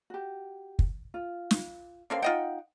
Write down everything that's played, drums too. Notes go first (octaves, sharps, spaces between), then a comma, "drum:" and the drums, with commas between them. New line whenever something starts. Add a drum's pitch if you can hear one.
F#4 G4
drum: kick
F4
drum: snare
D3 A#3 C4 C#4 A4 F5
D#4 F4 D#5 F#5 G5